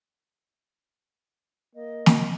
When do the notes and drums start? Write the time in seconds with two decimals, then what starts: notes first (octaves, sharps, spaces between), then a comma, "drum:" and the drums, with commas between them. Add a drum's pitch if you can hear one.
1.75 A#3 D#5
2.06 drum: snare